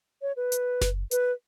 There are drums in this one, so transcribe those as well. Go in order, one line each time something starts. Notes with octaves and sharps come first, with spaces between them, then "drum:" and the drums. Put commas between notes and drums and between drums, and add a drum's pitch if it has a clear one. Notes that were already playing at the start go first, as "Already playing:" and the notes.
C#5
B4
drum: hi-hat
drum: snare F#1
B4, drum: hi-hat